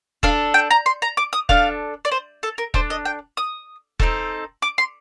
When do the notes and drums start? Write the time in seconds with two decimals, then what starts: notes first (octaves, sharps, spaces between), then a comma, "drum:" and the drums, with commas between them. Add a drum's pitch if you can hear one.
0.23 D4 A4 F5, drum: kick E1
0.54 G5
0.71 A#5
0.86 C6
1.02 A#5
1.17 D6
1.33 D#6
1.49 D4 A4 F5, drum: kick E1
2.05 D5
2.11 C5
2.43 A4
2.58 A#4
2.74 D4 A4 C5, drum: kick E1
2.90 D#5
3.05 G5
3.37 D#6
4.00 C4 D#4 A4, drum: kick E1
4.62 D6
4.78 C6